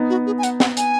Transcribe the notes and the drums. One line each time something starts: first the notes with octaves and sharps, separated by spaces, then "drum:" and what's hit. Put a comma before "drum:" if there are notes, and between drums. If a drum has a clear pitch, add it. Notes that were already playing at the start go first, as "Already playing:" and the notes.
Already playing: B3 D#4
F#4
G#4
G#5
F#5, drum: hi-hat
F#5, drum: snare
G#5, drum: hi-hat